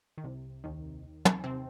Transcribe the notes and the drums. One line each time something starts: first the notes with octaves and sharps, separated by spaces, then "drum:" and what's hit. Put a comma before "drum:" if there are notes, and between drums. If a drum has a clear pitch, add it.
D#3
C2 C3
D#2 D#3
drum: tom
C3 C4